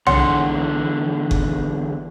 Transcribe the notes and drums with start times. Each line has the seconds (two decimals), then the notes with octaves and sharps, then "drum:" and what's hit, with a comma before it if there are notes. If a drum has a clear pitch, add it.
0.07 E2 D3 C#5 F#5 C6, drum: tom B1
1.31 drum: kick F#1